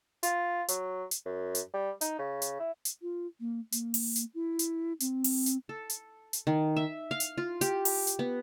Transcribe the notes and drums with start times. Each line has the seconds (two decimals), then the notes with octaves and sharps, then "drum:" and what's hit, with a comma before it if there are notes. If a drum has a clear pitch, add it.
0.23 F4, drum: hi-hat
0.68 F#3, drum: hi-hat
1.11 drum: hi-hat
1.26 F#2
1.55 drum: hi-hat
1.74 G3
2.01 D#4, drum: hi-hat
2.19 C#3
2.42 drum: hi-hat
2.60 E4
2.85 drum: hi-hat
3.02 F4
3.40 A#3
3.72 A#3, drum: hi-hat
3.94 drum: open hi-hat
4.16 drum: hi-hat
4.34 E4
4.59 drum: hi-hat
5.00 C4, drum: hi-hat
5.24 drum: open hi-hat
5.46 drum: hi-hat
5.69 A4
5.90 drum: hi-hat
6.33 drum: hi-hat
6.47 D#3
6.76 E5
7.11 F5
7.20 drum: hi-hat
7.38 F4
7.61 G4, drum: hi-hat
7.85 drum: open hi-hat
8.07 drum: hi-hat
8.19 B3